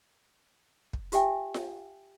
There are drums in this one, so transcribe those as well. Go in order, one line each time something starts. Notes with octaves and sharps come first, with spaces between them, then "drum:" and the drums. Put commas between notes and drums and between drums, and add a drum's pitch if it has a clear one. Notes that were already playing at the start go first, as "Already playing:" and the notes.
drum: kick
F4 G4 E5 G5 G#5, drum: hi-hat
drum: snare F4